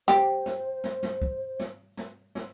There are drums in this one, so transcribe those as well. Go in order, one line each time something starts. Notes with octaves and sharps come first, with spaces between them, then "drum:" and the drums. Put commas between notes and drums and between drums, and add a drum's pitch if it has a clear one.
G4 C5, drum: snare
drum: snare
drum: snare
drum: snare
drum: kick
drum: snare
drum: snare
drum: snare